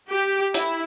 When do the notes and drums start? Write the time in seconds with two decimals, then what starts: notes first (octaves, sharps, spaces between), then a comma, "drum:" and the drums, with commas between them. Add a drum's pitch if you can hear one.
0.09 G4
0.54 E4, drum: hi-hat